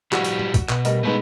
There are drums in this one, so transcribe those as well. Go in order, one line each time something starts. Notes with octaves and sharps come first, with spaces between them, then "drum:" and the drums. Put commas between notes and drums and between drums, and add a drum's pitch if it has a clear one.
F3 G3 E4 F#4, drum: clap
drum: hi-hat
drum: tom F3
drum: kick, hi-hat
B2, drum: clap
G3 A#4 D#5, drum: hi-hat
B2 G#3 A3 D#4 B4